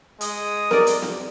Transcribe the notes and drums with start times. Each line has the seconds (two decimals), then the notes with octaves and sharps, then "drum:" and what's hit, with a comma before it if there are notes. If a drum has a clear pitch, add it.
0.21 G#3 D#6, drum: hi-hat
0.71 A#4 D5, drum: snare B3
0.87 drum: hi-hat
1.02 drum: snare B3